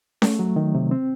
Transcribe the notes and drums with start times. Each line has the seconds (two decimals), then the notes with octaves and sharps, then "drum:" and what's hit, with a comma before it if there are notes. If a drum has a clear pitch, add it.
0.22 A3, drum: snare C#4
0.39 F#3
0.56 D#3
0.75 C3
0.91 C4